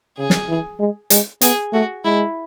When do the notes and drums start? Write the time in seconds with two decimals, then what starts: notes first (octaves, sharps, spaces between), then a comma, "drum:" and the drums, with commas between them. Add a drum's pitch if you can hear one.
0.17 C#3 G#4
0.30 drum: snare
0.49 E3
0.79 G#3
1.10 G#3, drum: hi-hat
1.41 B3 G#4, drum: hi-hat
1.73 A3 F#4
2.05 G#3 E4